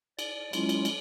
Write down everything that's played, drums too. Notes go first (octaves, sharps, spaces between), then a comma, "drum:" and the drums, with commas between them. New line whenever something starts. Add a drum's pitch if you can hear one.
D5, drum: cymbal
F#3 G#3 C#4 E4 F4, drum: cymbal
drum: cymbal
drum: cymbal